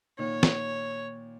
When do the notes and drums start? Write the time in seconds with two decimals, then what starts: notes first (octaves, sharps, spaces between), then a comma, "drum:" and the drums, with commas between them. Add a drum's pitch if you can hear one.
0.19 A#2 D#3 C#5
0.43 drum: snare